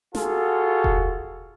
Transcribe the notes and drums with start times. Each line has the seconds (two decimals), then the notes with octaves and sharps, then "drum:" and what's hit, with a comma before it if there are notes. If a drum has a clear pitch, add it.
0.15 F4 F#4 G#4 A4, drum: snare
0.84 drum: kick E1